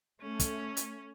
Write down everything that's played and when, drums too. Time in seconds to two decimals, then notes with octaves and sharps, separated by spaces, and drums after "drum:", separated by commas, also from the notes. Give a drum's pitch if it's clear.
0.21 A3 C#4
0.40 drum: kick, hi-hat
0.77 drum: hi-hat